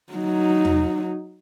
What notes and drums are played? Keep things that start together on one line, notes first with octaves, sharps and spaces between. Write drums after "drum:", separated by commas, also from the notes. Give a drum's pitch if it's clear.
F#3 D#4
drum: tom E2